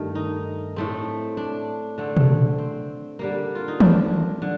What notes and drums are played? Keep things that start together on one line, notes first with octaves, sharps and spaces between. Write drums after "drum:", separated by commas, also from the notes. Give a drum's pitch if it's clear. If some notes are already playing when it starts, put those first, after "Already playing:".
Already playing: G2 D#3 A3
D#4
A2 A3 C4
D4
D3 A3 C4
drum: tom
C4
D3 G3 A#3
F4
D#4
D4, drum: tom
D3